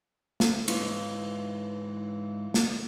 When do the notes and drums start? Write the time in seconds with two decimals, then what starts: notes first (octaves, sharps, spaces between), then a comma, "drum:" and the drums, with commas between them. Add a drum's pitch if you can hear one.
0.40 drum: snare
0.68 G#2 E3 F4, drum: cymbal
2.54 drum: snare